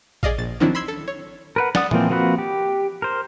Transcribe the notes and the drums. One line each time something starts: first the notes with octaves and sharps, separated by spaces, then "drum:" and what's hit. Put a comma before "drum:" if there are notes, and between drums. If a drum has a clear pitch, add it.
G#4 D5 D#5 F5, drum: kick A1
A#1 A6
D#3 F3 F#3 C4 D4 E4
B5 C6 E6 G#6 C7
A4
C#5
A#4 B4 F#5
D5 F#5 D#6, drum: snare
E3 F3 A#3 C4, drum: tom
F3 A#3 C4 F#4 B4
G4
A#4 C5